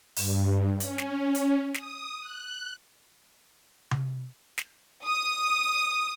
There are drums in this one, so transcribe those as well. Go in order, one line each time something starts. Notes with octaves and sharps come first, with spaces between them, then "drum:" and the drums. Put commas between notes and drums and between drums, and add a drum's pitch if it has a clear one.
G2, drum: open hi-hat
C#4, drum: hi-hat
drum: snare
drum: hi-hat
D#6, drum: snare
F#6
drum: tom C3
drum: snare
D#6